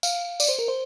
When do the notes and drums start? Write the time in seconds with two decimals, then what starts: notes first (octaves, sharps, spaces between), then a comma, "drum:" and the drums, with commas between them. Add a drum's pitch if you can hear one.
0.03 F5, drum: tambourine
0.40 D5, drum: tambourine
0.48 C5
0.59 A#4
0.68 C5